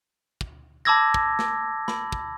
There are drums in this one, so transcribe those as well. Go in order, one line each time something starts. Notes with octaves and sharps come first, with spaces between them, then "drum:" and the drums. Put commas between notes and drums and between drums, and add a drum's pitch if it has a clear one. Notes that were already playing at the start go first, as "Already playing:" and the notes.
drum: kick
A5 B5 D6 E6 G#6 A#6
drum: kick
drum: snare
B5, drum: snare
drum: kick